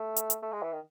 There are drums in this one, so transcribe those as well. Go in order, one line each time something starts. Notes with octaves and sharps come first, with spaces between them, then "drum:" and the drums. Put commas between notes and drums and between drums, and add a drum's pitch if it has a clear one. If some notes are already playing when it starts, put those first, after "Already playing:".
Already playing: A3
drum: hi-hat
drum: hi-hat
A3
G#3
E3
D#3